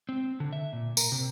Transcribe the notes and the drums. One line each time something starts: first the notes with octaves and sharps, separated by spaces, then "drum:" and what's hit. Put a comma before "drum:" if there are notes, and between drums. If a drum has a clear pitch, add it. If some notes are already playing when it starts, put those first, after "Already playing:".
C4
D3
E5
A#2
A#4, drum: tambourine
C3